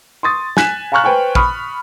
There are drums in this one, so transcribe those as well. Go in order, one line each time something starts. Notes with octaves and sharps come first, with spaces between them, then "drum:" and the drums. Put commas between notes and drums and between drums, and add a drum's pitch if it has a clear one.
C6 C#6 D#6 A6
G#5 F#6 B6 E7, drum: snare
F5 G#5 A#5 C#6 F6 F#6
B4 C5 G5 G#5 C#6
B5 C#6 D#6 F6, drum: kick